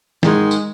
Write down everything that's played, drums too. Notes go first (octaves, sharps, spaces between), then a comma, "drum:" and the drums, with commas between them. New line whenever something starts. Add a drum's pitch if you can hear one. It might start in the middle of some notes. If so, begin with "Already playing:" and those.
G#2 D#3 G#3, drum: snare
drum: tambourine